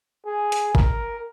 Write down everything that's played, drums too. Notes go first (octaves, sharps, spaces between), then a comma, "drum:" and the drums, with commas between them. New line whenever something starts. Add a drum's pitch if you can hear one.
G#4
drum: hi-hat
A#4, drum: kick G1